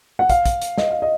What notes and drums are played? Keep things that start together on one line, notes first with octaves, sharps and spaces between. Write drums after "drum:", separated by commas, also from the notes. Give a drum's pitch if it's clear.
F#5
F5, drum: kick, hi-hat
drum: kick, hi-hat
drum: hi-hat
D#5, drum: snare
F5
D#5